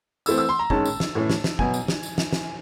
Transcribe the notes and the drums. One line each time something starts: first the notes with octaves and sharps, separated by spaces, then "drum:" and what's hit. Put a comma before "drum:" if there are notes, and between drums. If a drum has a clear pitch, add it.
E3 A3 C4 E6, drum: tambourine
E6
C6
A#5
D#3 G#3 C#4 A5, drum: kick
drum: tambourine
drum: snare
A2 E3 A3 C#4
drum: snare
drum: snare
B2 F#3 B3 G#5, drum: kick
drum: tambourine
drum: snare
drum: tambourine
drum: snare
drum: snare